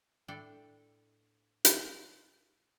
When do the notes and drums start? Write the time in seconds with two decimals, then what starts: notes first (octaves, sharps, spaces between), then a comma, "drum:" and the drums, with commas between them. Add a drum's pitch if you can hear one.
0.28 A2 D4 A4 D5 G5
1.65 drum: hi-hat